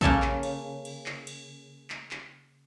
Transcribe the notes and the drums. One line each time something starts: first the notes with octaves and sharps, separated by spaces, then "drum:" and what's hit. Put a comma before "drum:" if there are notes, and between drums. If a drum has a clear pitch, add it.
C#3 A#3 C#4 A4, drum: kick A#1
drum: clap
drum: cymbal
drum: cymbal
drum: clap
drum: cymbal
drum: clap
drum: clap